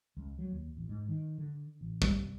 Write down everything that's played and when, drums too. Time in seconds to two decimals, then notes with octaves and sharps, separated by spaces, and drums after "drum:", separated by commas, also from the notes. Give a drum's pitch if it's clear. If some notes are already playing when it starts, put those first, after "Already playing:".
0.17 C#2
0.39 F#3
0.52 D#2
0.77 A1
0.89 G#2
1.08 D#3
1.38 D3
1.81 A1
2.02 G3, drum: kick
2.22 C2